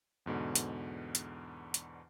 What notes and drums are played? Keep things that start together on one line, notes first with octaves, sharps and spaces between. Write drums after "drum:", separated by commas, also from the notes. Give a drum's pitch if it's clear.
E2 G#2 B2 D3
drum: hi-hat
drum: hi-hat
drum: hi-hat